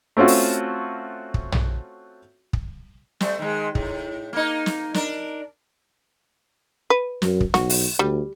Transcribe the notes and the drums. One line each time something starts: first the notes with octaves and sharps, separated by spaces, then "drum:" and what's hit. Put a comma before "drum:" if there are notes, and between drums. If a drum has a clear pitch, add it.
A3 C4 C#4 F4 F#4
drum: open hi-hat
drum: kick
drum: tom
drum: kick
G3 A3 C5, drum: snare
D#3 G#3
A2, drum: kick
A#3 D#4
drum: snare
D4 A#4, drum: snare
B4
F#2, drum: snare
drum: kick
B1 F#4, drum: snare
drum: open hi-hat
D2 G3